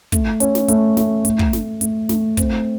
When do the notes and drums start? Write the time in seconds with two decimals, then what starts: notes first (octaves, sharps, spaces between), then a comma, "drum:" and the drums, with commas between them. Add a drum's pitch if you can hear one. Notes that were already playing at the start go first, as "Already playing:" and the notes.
0.12 A3, drum: kick, hi-hat
0.40 C#4, drum: hi-hat
0.55 drum: snare
0.68 A3, drum: hi-hat
0.97 A3, drum: snare
1.25 A3, drum: hi-hat
1.39 drum: kick
1.53 A3, drum: snare
1.81 A3, drum: hi-hat
2.09 A3, drum: snare
2.37 C4, drum: kick, hi-hat